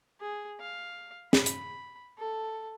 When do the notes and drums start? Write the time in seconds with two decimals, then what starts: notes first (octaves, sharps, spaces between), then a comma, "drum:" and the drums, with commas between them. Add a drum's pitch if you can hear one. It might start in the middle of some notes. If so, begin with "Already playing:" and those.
0.21 G#4
0.61 F5
1.33 B5, drum: snare
1.46 drum: hi-hat
2.19 A4